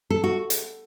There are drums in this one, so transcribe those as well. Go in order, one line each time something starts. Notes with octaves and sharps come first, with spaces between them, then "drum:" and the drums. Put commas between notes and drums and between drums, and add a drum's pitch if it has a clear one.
A4
F#4
drum: hi-hat